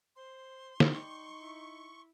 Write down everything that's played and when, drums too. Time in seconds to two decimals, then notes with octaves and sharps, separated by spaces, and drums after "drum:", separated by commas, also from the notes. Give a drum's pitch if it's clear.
0.16 C5 C6
0.80 G3 D#4 C#6, drum: snare
1.39 E4